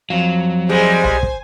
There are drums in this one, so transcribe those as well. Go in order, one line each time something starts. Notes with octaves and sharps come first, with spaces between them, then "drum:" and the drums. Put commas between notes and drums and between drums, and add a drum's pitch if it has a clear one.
F2 F#3 F5
G3 G#3 C5 G#5
drum: tom B1
drum: kick